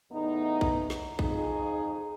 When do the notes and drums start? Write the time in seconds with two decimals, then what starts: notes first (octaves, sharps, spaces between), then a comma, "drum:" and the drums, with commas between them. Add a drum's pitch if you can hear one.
0.12 E2 A2 B3 D#4
0.61 drum: kick
0.90 drum: snare
1.19 F2 D#4 G#4, drum: kick